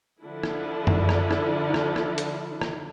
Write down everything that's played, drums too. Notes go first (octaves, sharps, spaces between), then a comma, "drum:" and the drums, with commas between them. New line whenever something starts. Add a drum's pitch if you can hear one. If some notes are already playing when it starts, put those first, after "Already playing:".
D3 F3 D4 E4
drum: rim click
drum: tom F#2
drum: rim click
drum: rim click
drum: rim click
drum: rim click
drum: hi-hat
drum: rim click